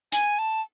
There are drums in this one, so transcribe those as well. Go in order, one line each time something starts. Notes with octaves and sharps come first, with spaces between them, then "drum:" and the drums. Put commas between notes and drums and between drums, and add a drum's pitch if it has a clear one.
G#5, drum: hi-hat
A5